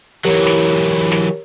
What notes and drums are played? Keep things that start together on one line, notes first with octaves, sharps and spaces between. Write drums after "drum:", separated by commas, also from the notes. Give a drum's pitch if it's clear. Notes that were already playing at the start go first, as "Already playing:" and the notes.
E3 F#3 G4 A#4 C#5, drum: hi-hat
drum: snare
drum: hi-hat
drum: open hi-hat
drum: snare